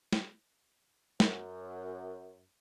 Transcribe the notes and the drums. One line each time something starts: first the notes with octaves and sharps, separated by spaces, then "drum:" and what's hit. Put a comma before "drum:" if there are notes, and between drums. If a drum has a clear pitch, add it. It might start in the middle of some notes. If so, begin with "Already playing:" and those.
drum: snare
F#2, drum: snare